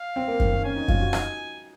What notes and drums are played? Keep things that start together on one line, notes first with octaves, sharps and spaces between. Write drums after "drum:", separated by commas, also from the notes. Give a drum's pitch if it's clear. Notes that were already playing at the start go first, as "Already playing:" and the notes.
Already playing: F5
C4
A#3
D#3, drum: kick F#2
D#3
C#4 G#5
D#4
F4, drum: kick F#2
F#4
D#4, drum: rim click